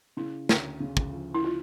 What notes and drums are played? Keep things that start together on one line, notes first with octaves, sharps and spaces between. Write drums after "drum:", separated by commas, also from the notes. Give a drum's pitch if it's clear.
C#3 E4
D2, drum: snare
C#3
drum: kick
F3
E4
F4